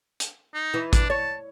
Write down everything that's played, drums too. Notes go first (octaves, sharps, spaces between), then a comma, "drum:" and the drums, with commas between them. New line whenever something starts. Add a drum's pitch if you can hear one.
drum: hi-hat
D#4
E3
D4, drum: kick A1, hi-hat
C#5 A5